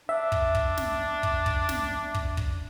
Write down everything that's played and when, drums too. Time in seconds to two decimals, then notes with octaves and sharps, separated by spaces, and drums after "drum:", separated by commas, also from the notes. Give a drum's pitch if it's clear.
0.09 D4 E5
0.32 drum: kick
0.55 drum: kick
0.77 drum: snare
1.23 drum: kick
1.46 drum: kick
1.69 drum: snare
2.14 drum: kick
2.37 drum: kick